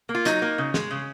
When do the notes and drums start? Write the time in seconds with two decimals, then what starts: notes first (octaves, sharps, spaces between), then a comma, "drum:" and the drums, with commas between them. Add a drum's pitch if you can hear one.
0.09 A#3
0.15 F4
0.25 F#3 D#4, drum: hi-hat
0.42 A#3
0.58 C#3
0.74 G#3, drum: snare
0.91 C#3